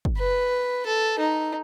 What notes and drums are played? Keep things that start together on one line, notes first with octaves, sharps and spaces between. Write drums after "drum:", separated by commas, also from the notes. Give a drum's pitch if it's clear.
drum: kick
B4
A4
D#4